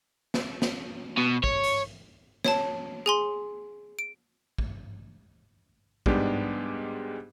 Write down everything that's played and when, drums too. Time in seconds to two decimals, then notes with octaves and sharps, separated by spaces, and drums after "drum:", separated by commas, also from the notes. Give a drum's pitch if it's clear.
0.34 drum: snare
0.62 drum: snare
1.18 B2
1.44 C#5, drum: kick
1.63 drum: hi-hat
2.45 C#5 A5, drum: snare
3.06 G#4 G#5 C6
3.99 D7
4.58 drum: kick
6.06 G#2 G3 G#3 B3 D4 G4, drum: kick